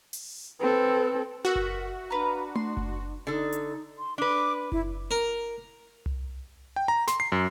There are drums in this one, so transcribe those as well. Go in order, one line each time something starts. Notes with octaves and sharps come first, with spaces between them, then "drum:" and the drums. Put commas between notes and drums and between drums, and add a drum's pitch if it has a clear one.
drum: open hi-hat
C4 A4 B4
F#4 A#4 E5 F#5
drum: kick F#1
D4 B4 F5 A#5
C6, drum: tom A3
drum: kick F#1
D3 D#4 A4
drum: hi-hat
C6
D4 B4 D6
E4, drum: kick F#1
A#4
drum: tom C2
G5
A#5
C6, drum: snare
C7
F#2